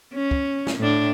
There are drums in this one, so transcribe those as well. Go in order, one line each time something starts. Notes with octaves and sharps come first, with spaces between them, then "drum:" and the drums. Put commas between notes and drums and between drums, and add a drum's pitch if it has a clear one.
C#4
drum: kick
drum: snare
A2 D4